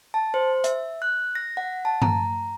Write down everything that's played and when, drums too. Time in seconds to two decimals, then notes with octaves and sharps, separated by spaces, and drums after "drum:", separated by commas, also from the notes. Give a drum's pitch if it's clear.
0.14 A5
0.34 C5
0.64 E5, drum: hi-hat
1.02 F#6
1.35 A#6
1.57 F#5
1.85 A5
2.02 A#5, drum: tom G2